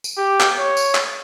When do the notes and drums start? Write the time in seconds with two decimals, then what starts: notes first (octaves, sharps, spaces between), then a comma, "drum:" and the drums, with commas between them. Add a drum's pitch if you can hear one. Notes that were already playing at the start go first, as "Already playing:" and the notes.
0.04 drum: tambourine
0.17 G4
0.40 drum: clap
0.59 C#5
0.77 drum: tambourine
0.95 drum: clap